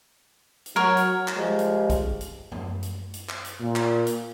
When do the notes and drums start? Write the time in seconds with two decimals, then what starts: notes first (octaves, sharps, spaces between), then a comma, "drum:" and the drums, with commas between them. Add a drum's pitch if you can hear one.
0.66 drum: hi-hat
0.76 F#3 A#4 C#5
0.97 drum: hi-hat
1.28 drum: clap
1.37 F3 G3 G#3
1.59 drum: hi-hat
1.90 drum: kick, hi-hat
2.21 drum: hi-hat
2.52 drum: tom
2.83 drum: hi-hat
3.14 drum: hi-hat
3.29 drum: clap
3.45 drum: hi-hat
3.60 A#2
3.76 drum: clap
4.06 drum: hi-hat